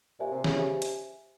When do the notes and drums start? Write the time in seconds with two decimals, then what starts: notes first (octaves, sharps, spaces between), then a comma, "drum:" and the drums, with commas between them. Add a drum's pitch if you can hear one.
0.20 A#2 G4 C5 E5 G#5
0.32 C3
0.44 C#3, drum: snare
0.55 C#3 G4 C5 E5 G#5
0.82 drum: hi-hat